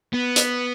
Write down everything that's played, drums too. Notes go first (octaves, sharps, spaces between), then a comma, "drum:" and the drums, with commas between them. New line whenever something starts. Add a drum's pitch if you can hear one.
B3
drum: hi-hat